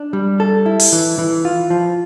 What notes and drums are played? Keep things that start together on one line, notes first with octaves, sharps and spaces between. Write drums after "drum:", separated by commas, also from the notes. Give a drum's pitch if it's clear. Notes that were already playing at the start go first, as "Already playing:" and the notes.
Already playing: D4
G3
A4
E4
drum: open hi-hat
E3
E3
F4
F3